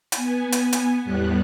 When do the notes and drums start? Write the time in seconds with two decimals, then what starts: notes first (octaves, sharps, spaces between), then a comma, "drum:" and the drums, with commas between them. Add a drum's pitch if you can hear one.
0.12 B3 G#5, drum: hi-hat
0.52 drum: hi-hat
0.73 drum: hi-hat
1.02 E2 A2 G3 B3 F#6